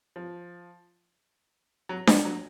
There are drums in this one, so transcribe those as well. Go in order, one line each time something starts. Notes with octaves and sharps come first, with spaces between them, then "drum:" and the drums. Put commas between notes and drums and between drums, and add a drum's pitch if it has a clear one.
F3
F#3
F3, drum: snare D4
F#3